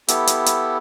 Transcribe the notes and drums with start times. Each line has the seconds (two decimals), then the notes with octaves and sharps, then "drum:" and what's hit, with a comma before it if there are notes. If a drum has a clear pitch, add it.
0.08 B3 E4 G4 A4, drum: hi-hat
0.27 drum: hi-hat
0.46 drum: hi-hat